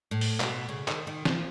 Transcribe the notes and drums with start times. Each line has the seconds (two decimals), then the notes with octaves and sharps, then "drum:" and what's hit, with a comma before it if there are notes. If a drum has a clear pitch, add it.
0.11 A2
0.21 drum: open hi-hat
0.40 B2, drum: clap
0.69 C#3
0.88 D#3, drum: clap
1.07 D#3
1.25 F3, drum: snare